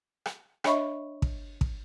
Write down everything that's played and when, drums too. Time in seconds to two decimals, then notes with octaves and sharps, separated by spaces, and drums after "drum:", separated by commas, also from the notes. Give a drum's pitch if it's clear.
0.26 drum: rim click
0.64 D4 C#5 D#5 E5 B5 C#6, drum: rim click
1.22 drum: kick
1.61 drum: kick